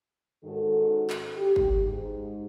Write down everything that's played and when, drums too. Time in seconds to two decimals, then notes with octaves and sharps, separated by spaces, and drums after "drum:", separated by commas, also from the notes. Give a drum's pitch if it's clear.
0.44 G#2 D#3 C#4 F#4 A4
1.10 drum: clap
1.36 G4
1.56 drum: kick G1
1.79 G#2